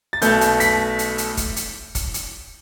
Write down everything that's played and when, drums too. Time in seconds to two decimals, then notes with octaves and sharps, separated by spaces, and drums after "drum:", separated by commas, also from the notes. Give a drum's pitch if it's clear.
0.13 A6
0.22 B1 B2 A3 G6, drum: hi-hat
0.41 drum: hi-hat
0.60 B6, drum: hi-hat
0.99 drum: hi-hat
1.18 drum: hi-hat
1.37 drum: kick, hi-hat
1.56 drum: hi-hat
1.95 drum: kick, hi-hat
2.14 drum: hi-hat